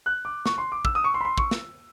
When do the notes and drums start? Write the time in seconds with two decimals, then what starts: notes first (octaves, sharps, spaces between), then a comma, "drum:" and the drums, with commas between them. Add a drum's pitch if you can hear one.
0.06 F#6
0.25 D6
0.46 C#6, drum: snare
0.58 C6
0.72 D6
0.85 E6, drum: kick
0.95 D#6
1.04 C#6
1.14 C6
1.21 B5
1.25 C6
1.38 C#6, drum: kick
1.51 drum: snare